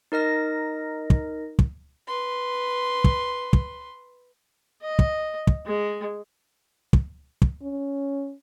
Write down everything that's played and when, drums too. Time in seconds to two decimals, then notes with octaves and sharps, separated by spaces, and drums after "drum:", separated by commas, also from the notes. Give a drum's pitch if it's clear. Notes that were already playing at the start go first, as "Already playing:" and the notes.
0.12 D#4 A#4 D#5 A#6
1.10 drum: kick
1.59 drum: kick
2.07 B4 C6
3.04 drum: kick
3.53 drum: kick
4.82 D#5
4.99 drum: kick
5.47 drum: kick
5.66 G#3
6.93 drum: kick
7.42 drum: kick
7.62 C#4